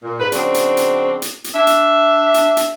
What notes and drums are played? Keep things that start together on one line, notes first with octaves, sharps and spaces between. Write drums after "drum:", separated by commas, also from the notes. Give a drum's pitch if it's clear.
A#2
G#2 B4
C#3 F3 C4 D4 F#4, drum: hi-hat
drum: hi-hat
drum: hi-hat
drum: hi-hat
drum: hi-hat
D4 E5
drum: hi-hat
drum: hi-hat
drum: hi-hat